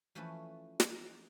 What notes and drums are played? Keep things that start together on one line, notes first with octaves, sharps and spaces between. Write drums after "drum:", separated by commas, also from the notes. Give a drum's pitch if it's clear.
E3 F3 A3 C#4 E4 B4
drum: snare